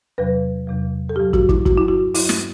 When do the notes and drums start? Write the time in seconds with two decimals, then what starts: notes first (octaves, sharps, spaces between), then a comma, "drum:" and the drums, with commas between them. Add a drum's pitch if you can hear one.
0.18 E2 C3 F#3 B4
0.67 E2 C3 F#3
1.09 A4
1.16 G2 F#3 G4
1.33 F#4, drum: kick
1.49 E4, drum: kick
1.66 G2 F#3 F#4, drum: kick
1.77 E4
1.88 F#4
2.15 G2 F#3 E4, drum: open hi-hat
2.29 drum: snare